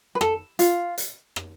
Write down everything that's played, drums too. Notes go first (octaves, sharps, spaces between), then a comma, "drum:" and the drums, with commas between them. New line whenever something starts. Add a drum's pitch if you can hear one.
B4
A4, drum: rim click
F4, drum: hi-hat
drum: hi-hat
drum: rim click